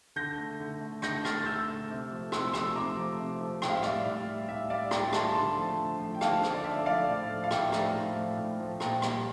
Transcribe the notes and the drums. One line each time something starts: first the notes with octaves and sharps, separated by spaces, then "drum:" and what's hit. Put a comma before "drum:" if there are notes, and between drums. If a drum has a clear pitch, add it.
D3 G6 A#6
A3
D3
A3
D3 G6 A#6, drum: rim click
A3 F6 A6, drum: rim click
A6
D3 E6 G6
A3
C3
F3 A3
C3 C6 E6, drum: rim click
F3 A3 C6 E6, drum: rim click
C3 A#5 D6
F3 A3
C3
F3 A3
A2 G5, drum: rim click
F5
E5
G3 D5 F5, drum: rim click
A2
G3
A2 E5
G3 D5 F5
A2 G5 A#5, drum: rim click
G3 A5 C6, drum: rim click
D3 A5 C6
F3 A3
D3
F3 A3
G5
D3 F5 A5, drum: rim click
F3 A3, drum: rim click
D5
D3 E5
F3 A3 D5 F5
A2
F3 A3
F5
A2 E5 G5, drum: rim click
F3 A3 G5 A#5, drum: rim click
A2
F3 A3
A2
F3 A3
A#2 G5 A#5, drum: rim click
G3, drum: rim click